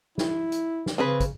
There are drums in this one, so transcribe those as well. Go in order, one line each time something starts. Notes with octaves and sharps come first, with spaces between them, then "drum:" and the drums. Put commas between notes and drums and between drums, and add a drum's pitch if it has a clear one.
E4, drum: snare
drum: hi-hat
drum: snare
C#3 C4 G#4 B4
drum: kick, hi-hat